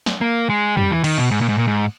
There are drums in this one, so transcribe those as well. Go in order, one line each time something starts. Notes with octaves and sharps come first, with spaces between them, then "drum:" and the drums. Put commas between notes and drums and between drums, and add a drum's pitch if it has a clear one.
drum: snare
A#3
G#3
G3, drum: tom
E3
D#3, drum: cymbal
B2
G#2
A#2
G#2
A#2
G#2